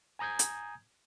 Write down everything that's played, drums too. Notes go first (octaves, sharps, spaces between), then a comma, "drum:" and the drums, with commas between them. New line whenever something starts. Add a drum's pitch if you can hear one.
G#5 A#5 D#6 G6 G#6
drum: hi-hat